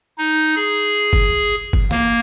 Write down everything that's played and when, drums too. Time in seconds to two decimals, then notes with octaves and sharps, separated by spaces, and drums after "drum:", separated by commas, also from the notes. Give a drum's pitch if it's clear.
0.18 D#4
0.55 G#4
1.13 drum: kick F#1
1.73 drum: kick F#1
1.91 A#3, drum: snare